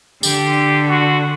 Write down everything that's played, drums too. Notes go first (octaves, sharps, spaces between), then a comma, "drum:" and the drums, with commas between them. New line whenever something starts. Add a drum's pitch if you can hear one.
D3 G4, drum: tambourine
F#4